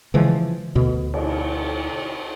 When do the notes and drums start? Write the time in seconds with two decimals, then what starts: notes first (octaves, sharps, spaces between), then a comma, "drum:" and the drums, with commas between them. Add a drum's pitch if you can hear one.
0.14 C#3 E3 F3 G#3
0.75 D2 B2
1.14 drum: cymbal